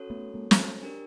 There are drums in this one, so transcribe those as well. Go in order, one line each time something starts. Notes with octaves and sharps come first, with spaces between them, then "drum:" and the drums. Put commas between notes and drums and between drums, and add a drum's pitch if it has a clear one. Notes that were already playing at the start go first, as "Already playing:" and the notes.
Already playing: C#4 F#4 A4 C#5
A3 B3
G#3 A#3
A3 B3, drum: snare
D4 G4 A#4